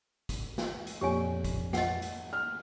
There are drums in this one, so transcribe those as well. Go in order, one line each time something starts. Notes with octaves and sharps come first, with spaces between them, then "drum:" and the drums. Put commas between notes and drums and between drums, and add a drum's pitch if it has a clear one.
drum: kick A1, hi-hat
drum: snare
drum: hi-hat
F2 A#2 G4 C#5 G#5
drum: kick A1, hi-hat
D#5 F#5, drum: snare
drum: hi-hat
F6